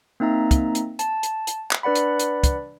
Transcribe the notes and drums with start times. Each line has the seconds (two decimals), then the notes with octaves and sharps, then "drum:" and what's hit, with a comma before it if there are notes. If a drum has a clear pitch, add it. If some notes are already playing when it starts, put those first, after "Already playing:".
0.20 A#3 C4 D#4 E5 A#5
0.51 drum: kick, hi-hat
0.75 drum: hi-hat
0.99 A5, drum: hi-hat
1.23 drum: hi-hat
1.47 drum: hi-hat
1.71 drum: clap
1.83 D4 B4 D5 F#5 B5
1.95 drum: hi-hat
2.19 drum: hi-hat
2.44 drum: kick, hi-hat